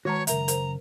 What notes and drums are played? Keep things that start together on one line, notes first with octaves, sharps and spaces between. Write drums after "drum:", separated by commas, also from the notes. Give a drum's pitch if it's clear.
D#3 G#3 F#4 B4 C#5 A5 A#5
C2 F#2 C#3 A#4 E5 A#5, drum: hi-hat
A#4 C5, drum: hi-hat